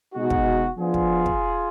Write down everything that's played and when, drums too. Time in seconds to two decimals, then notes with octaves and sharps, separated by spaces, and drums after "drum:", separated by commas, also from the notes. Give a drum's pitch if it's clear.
0.14 B2 G#3 D#4 F#4
0.30 drum: kick
0.78 F3 B3 D4 F4 G#4
0.94 drum: kick
1.26 drum: kick